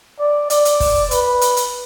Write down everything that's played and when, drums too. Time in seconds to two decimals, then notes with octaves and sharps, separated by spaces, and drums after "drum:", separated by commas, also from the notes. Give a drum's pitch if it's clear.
0.19 D5
0.50 D5, drum: hi-hat
0.65 drum: hi-hat
0.80 drum: kick, open hi-hat
1.11 B4, drum: hi-hat
1.41 drum: hi-hat
1.57 drum: hi-hat